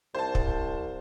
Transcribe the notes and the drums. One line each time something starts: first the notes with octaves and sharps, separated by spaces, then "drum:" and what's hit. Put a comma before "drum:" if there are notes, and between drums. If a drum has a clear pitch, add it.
C2 C5 A5
drum: kick